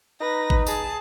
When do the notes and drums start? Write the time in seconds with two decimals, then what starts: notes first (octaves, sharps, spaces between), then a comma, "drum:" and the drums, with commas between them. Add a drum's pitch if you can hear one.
0.21 D#4 B4 A#5 A#6
0.50 drum: kick G#1
0.67 G#4 A5, drum: tambourine